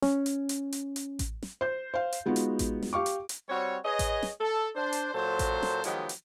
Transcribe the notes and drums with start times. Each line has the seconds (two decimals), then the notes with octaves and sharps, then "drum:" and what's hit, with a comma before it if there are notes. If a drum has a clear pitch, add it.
0.02 C#4, drum: snare
0.26 drum: hi-hat
0.49 drum: hi-hat
0.72 drum: hi-hat
0.96 drum: hi-hat
1.19 drum: kick A1, hi-hat
1.43 drum: snare
1.61 C5 G6
1.94 C5 F5
2.13 drum: hi-hat
2.26 G#3 B3 D#4 F4 F#4
2.36 drum: hi-hat
2.59 drum: kick A1, hi-hat
2.83 drum: snare
2.93 G4 F5 C#6 D6
3.06 drum: hi-hat
3.29 drum: hi-hat
3.49 G3 C4 F#4 C#5
3.83 G#4 B4 C#5 D#5
3.99 drum: kick A1, hi-hat
4.23 drum: snare
4.40 A4
4.75 D4 C5
4.93 drum: hi-hat
5.14 A#2 F#3 A4 C5
5.39 drum: kick A1, hi-hat
5.63 drum: snare
5.84 D#3 F3 F#3 G#3 B3 G4, drum: hi-hat
6.09 drum: hi-hat